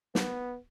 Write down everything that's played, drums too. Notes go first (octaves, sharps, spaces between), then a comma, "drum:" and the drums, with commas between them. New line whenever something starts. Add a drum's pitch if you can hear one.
B3, drum: snare